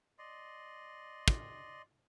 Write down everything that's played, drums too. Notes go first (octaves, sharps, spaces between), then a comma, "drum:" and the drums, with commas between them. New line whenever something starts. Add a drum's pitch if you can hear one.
D5 D#5 C6
drum: kick